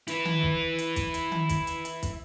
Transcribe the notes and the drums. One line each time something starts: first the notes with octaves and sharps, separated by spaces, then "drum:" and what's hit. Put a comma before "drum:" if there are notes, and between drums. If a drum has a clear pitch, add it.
E4 B4, drum: hi-hat
drum: tom D#3
drum: kick
drum: hi-hat
drum: kick, hi-hat
drum: hi-hat
drum: tom D#3
drum: kick, hi-hat
drum: hi-hat
drum: hi-hat
drum: kick, hi-hat